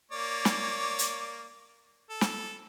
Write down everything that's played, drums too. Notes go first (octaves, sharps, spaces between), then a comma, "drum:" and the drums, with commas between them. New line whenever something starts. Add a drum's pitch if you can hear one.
A#3 C#5 D5
drum: snare
drum: hi-hat
A4
drum: snare